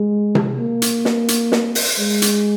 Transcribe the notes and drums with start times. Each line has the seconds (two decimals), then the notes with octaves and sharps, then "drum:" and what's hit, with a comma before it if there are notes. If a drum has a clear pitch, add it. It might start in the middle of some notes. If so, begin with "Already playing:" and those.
Already playing: G#3
0.35 drum: tom C3
0.58 A#3
0.82 drum: hi-hat
1.05 drum: snare
1.28 drum: hi-hat
1.52 drum: snare
1.75 drum: open hi-hat
1.98 G#3
2.22 drum: hi-hat